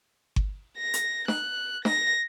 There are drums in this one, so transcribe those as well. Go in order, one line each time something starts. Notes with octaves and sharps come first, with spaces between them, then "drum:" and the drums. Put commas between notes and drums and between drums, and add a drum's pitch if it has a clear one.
drum: kick G1
A#6
drum: hi-hat
F#6, drum: snare
A#6, drum: snare